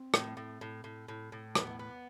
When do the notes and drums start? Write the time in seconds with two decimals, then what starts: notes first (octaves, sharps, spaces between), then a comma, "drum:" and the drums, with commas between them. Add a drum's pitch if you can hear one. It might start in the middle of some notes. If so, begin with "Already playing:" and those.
Already playing: C4
0.14 A2, drum: rim click
0.37 A2
0.61 A2
0.84 A2
1.08 A2
1.32 A2
1.55 B3, drum: rim click
1.79 B3